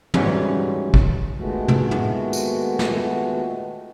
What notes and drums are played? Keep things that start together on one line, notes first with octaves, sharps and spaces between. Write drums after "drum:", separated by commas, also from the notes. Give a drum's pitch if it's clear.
G#2 E3 G3 C#4 F#4, drum: tom
drum: kick
A#2 D#3 G#3 A3 B3 F#4
drum: tom
drum: tom
drum: tambourine
drum: snare